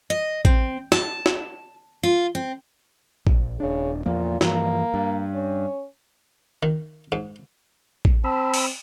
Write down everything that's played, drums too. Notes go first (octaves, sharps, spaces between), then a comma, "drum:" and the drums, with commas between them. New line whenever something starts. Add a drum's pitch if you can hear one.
D#5
C4, drum: kick A1
A5, drum: snare
drum: snare
F4
C4
A#1, drum: kick A1
D#1 C#3 D4
E2 A#2 F3 A#3
G2 E3 F3 A#3, drum: snare
G2
C#4
D#3
G#2
drum: kick A1
C4 A5 B5 E6
drum: open hi-hat